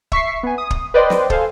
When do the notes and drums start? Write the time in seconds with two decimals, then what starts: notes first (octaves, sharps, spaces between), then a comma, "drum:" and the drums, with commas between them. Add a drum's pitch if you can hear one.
0.12 E5 C#6 B6 C7, drum: kick
0.43 B3 G#5
0.58 D#6
0.70 drum: kick
0.94 B4 C5 D5 D#5 G5 C6
1.10 drum: snare
1.30 A4 C5 F5 G#5, drum: kick